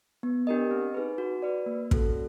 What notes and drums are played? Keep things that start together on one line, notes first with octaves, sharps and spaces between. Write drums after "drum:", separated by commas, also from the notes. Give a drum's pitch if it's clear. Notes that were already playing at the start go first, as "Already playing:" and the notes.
B3
D4 G4 A#4 D#5
C4
D#4 G#4 B4
F#4
B4 D5
A#3
C#4 F#4 A4, drum: kick